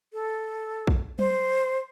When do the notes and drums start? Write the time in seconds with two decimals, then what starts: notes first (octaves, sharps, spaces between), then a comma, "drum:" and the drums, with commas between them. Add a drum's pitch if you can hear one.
0.13 A4
0.87 drum: kick A#1
1.19 C5, drum: tom F#3